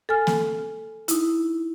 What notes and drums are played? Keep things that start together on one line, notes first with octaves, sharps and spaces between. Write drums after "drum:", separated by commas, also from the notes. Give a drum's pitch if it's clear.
A4 G#5 F6
drum: snare A#3
D#4 E4, drum: hi-hat